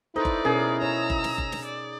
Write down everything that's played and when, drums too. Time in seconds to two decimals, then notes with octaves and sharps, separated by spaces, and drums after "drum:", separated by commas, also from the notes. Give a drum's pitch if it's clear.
0.16 D#4 E4 A4 B4 C5 D5
0.25 drum: kick F#1
0.45 B2 C#4 G#4 A#4
0.82 C#5 A#5 E6
1.10 drum: kick F#1
1.24 drum: snare
1.38 drum: kick F#1
1.52 drum: snare
1.65 D5